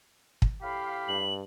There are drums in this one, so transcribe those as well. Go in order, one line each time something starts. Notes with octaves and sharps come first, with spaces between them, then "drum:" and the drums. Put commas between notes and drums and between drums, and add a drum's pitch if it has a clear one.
drum: kick
A2 G4 F5 B5
G2 F#7